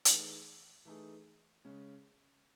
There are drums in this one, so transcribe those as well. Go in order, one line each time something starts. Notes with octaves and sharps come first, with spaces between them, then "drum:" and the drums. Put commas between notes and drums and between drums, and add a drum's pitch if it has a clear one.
E3 A3 D#4 G#4, drum: hi-hat
E3 A3 D#4 G#4
C#3 G#3 C#4